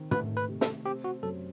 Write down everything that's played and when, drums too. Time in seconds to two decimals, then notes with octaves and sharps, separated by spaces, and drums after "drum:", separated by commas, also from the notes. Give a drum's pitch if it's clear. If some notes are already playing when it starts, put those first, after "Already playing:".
Already playing: D#3 C4
0.11 A3 B4, drum: tom
0.37 B4
0.49 C3
0.61 A4, drum: snare
0.86 C4 G4
1.04 F#4
1.23 F#2 A4